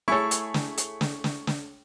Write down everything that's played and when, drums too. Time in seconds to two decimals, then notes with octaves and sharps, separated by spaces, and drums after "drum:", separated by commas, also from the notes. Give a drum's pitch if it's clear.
0.08 A3 E4 G#4 A4 C#5 C#6
0.31 drum: hi-hat
0.54 drum: snare
0.77 drum: hi-hat
1.01 drum: snare
1.24 drum: snare
1.47 drum: snare